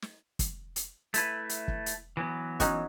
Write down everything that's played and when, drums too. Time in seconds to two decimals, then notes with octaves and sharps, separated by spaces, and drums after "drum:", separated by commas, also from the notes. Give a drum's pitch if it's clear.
0.02 drum: snare
0.39 drum: kick, hi-hat
0.76 drum: hi-hat
1.14 A3 E4 B4, drum: hi-hat
1.49 drum: hi-hat
1.68 drum: kick
1.86 drum: hi-hat
2.17 E3 F#3 B3
2.60 C#4 D#4 F#4, drum: kick, hi-hat